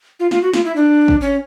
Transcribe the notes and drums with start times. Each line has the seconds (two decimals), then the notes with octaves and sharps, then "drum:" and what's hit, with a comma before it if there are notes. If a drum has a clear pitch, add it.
0.20 F4
0.31 F4, drum: snare
0.42 F#4
0.54 F4, drum: snare
0.65 E4
0.76 D4
1.08 drum: kick
1.21 C#4